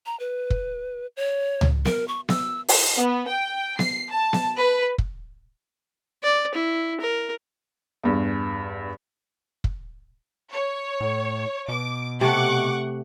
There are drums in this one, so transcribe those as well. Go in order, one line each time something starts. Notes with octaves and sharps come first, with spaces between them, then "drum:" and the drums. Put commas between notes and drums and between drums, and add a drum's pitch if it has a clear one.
A#5
B4
drum: kick
C#5
drum: tom C#2
A#4, drum: snare B3
C#6
E6, drum: snare B3
drum: open hi-hat
B3
G5
C7, drum: snare B3
A5
drum: snare B3
B4
drum: kick
D5
E4
A#4
E2 G2
drum: kick
C#5
A2
B2 D6
C3 A3 F#5 C#6 D6